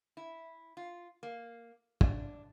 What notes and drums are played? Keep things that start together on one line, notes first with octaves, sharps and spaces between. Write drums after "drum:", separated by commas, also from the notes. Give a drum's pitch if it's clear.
E4
F4
A#3
D4, drum: kick